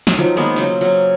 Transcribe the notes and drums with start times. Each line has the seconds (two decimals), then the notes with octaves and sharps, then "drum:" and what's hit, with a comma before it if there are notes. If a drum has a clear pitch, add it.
0.07 drum: snare
0.17 D#3 F3 F#3
0.37 D#3 G#3 A#3 B3
0.56 C#3 F#3 C5, drum: hi-hat
0.81 F#3 C#4